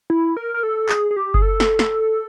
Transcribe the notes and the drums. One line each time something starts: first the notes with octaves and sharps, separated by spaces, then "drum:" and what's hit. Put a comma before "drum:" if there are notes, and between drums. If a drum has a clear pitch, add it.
E4
A#4
A#4
A4
G#4, drum: clap
G#4
G4
G#4, drum: kick F#1
A4
drum: snare
drum: snare